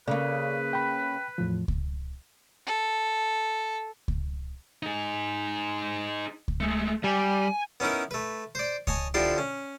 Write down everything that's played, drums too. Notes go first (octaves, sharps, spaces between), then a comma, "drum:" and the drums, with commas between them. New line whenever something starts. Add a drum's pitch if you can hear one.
C#3 A#3 A4 B4 D5
G5 B5
E2 A2 F3
drum: kick C#2
A4
drum: kick C#2
D#4 G#4
drum: kick C#2
G#3 A3
G3 G#5
B3 C#4 D#4 E4 A#4
A3 B4
C5 D5
C#5 D#5 G#5 A5 C#6, drum: kick C#2
D3 F3 E4 G4 A4 C6
C#4